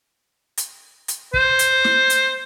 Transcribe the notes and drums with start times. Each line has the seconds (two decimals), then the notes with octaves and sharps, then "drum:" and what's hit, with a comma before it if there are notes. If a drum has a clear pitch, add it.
0.57 drum: hi-hat
1.08 drum: hi-hat
1.34 C5, drum: kick
1.59 drum: hi-hat
1.84 drum: snare
2.10 drum: hi-hat